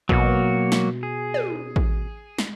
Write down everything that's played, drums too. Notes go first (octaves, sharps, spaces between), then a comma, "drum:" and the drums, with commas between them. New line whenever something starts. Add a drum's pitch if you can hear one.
B2 F#3 A#3 F#4, drum: kick A1
drum: snare
G#4
drum: tom
drum: kick A1
drum: snare